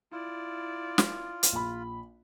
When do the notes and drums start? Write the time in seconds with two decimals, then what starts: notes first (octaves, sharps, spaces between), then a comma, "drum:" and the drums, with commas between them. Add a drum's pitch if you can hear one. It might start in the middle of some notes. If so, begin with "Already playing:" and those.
0.12 E4 F4 D5
0.98 drum: snare
1.43 drum: hi-hat
1.52 A#1 B5